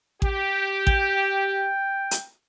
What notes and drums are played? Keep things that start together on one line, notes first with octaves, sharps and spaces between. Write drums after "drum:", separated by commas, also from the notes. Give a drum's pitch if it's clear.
G4, drum: kick A1
G5, drum: kick A1
drum: hi-hat